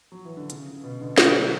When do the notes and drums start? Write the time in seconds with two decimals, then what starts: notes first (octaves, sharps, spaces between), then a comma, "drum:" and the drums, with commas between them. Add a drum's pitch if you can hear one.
0.12 F#3
0.25 E3
0.37 D3
0.50 C#3, drum: hi-hat
0.67 C#3
0.84 B2
1.01 B2 D3
1.18 F#3 A3, drum: snare
1.34 F#3 A3